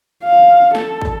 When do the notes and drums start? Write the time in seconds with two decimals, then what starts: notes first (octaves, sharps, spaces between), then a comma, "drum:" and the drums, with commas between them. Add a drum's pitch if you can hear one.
0.24 F5
0.75 A4, drum: snare
1.01 drum: kick